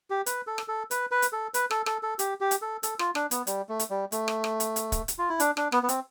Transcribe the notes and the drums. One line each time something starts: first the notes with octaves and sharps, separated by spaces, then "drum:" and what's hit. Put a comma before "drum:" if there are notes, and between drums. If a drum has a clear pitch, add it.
G4
B4, drum: hi-hat
A4
drum: rim click
A4
B4, drum: hi-hat
B4
drum: hi-hat
A4
B4, drum: hi-hat
A4, drum: rim click
A4, drum: rim click
A4
G4, drum: hi-hat
G4
drum: hi-hat
A4
A4, drum: hi-hat
F4, drum: rim click
D4, drum: rim click
B3, drum: hi-hat
G3, drum: hi-hat
A3
drum: hi-hat
G3
A3, drum: hi-hat
drum: rim click
drum: rim click
drum: hi-hat
drum: hi-hat
drum: kick D1, hi-hat
drum: hi-hat
F4
E4
D4, drum: hi-hat
D4, drum: rim click
B3, drum: rim click
B3
C4, drum: hi-hat